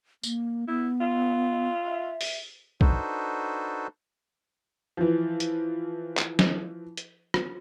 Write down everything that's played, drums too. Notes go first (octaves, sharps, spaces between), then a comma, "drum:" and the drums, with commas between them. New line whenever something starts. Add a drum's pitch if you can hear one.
A#3, drum: tambourine
B3 E4
F4
E5
drum: open hi-hat
D4 D#4 F#4 A4 B4 C5, drum: kick B1
E3 F3
drum: hi-hat
drum: clap
drum: snare
drum: hi-hat
drum: rim click